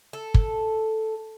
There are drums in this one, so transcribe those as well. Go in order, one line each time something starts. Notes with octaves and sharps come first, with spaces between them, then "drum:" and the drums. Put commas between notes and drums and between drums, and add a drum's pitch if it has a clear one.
A4
drum: kick